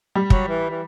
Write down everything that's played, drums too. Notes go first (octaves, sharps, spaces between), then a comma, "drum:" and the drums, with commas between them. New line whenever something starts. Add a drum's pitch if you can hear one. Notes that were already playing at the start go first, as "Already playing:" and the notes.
G3
F#3, drum: kick
E3
E3